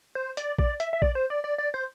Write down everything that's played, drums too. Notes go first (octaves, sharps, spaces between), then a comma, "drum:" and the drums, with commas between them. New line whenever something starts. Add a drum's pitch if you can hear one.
C5
D5, drum: hi-hat
D5, drum: kick A#1
E5, drum: hi-hat
E5
D5, drum: kick A#1
C5
D5
D5
D5
C5